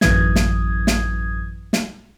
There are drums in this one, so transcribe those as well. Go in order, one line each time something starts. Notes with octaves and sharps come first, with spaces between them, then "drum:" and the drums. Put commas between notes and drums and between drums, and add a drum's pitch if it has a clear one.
A1 F#2 E3 D#6 G#6, drum: snare
drum: snare
drum: snare
drum: snare